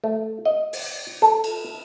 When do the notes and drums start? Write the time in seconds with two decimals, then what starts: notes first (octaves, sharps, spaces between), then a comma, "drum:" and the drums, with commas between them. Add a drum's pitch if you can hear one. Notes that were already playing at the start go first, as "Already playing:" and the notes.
0.04 A3
0.45 D#5
0.73 drum: open hi-hat
1.22 A4
1.44 drum: cymbal